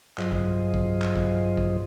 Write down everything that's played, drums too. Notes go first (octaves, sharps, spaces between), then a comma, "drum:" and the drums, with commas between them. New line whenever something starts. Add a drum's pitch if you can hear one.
G2 F#3 F4 G#4 C5 D#5, drum: clap
drum: kick
drum: kick
drum: clap
drum: kick
drum: kick